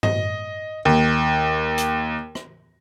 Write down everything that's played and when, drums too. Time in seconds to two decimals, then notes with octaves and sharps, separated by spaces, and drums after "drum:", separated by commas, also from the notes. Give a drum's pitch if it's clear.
0.03 D#5, drum: tom G2
0.85 D#2
1.78 drum: hi-hat
2.35 drum: rim click